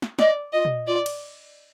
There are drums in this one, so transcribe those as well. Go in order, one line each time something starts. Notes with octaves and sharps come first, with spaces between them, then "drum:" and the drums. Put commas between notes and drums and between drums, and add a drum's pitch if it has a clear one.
drum: snare
D5 D#5, drum: snare
F4 D#5
drum: tom A#2
F4 D5
drum: cymbal